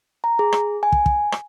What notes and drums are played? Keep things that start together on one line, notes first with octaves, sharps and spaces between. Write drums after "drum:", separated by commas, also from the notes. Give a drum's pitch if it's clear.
A#5
G#4
drum: rim click
G#5
drum: kick
drum: kick
drum: rim click